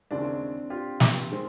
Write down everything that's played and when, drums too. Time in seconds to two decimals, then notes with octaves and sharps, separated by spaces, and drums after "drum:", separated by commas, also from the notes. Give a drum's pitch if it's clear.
0.11 D#2 C#3 E3 G#3 C4 D4
0.70 F4 G4
1.00 drum: snare
1.31 D#3 G#3 C4